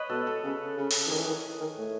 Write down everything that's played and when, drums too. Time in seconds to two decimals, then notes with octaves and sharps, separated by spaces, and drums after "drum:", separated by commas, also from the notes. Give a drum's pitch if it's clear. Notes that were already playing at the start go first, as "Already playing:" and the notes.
Already playing: B4 C#5 D#5
0.09 B2 A4
0.27 A4
0.43 C#3
0.77 C#3
0.90 drum: open hi-hat
1.07 E3
1.10 D#3 G#4
1.19 E3
1.27 D#3
1.61 D#3
1.78 A2